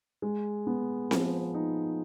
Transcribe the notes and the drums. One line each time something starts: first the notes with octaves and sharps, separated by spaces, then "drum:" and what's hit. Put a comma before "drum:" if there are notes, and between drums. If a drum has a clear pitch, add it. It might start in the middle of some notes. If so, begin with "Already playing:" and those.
G#3
B3
F3, drum: snare C4
D#4